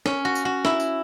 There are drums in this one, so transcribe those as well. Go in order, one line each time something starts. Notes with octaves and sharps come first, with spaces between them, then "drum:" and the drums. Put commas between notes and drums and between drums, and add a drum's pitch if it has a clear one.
C#4, drum: snare
F#4
drum: tambourine
F#4
E4, drum: snare
drum: tambourine